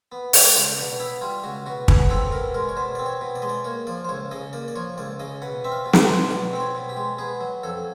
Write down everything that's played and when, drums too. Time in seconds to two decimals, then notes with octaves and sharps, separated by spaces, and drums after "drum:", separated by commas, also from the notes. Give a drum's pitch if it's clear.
0.12 B3
0.33 G3, drum: open hi-hat
0.55 C#2 D4
0.77 B2 D4
1.00 B3 E4
1.22 G3 F4
1.44 C#2 F#4
1.66 B2 F#4
1.88 B2 G#4, drum: kick
2.10 C4 A4
2.32 B2 A#4
2.54 G#3 A#4
2.69 C#5
2.77 B2 C5
2.95 C4 D5
3.06 C#5
3.21 B2
3.35 D5
3.42 G#3 D#5
3.49 D5
3.64 A#3 C#5
3.87 F3 D5
4.05 C5
4.09 C#2 C#5
4.31 C#3 D#5
4.53 A#3 D5
4.68 D5
4.76 F3 C#5
4.98 C#2 D5
5.20 C#3 D#5
5.42 B2 F#5
5.64 C4 E5
5.72 F5
5.86 B2
5.93 E5, drum: snare
6.01 D#5
6.08 G#3
6.30 B2 D5
6.53 C4 C5
6.60 C#5
6.75 B2
6.89 G4
6.97 G#3
7.18 B3 G#4
7.41 F#3
7.63 F2 A4